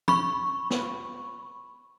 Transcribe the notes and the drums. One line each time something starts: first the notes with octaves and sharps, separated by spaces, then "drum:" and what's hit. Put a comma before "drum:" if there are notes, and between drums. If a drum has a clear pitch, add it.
B5 C#6, drum: tom
drum: snare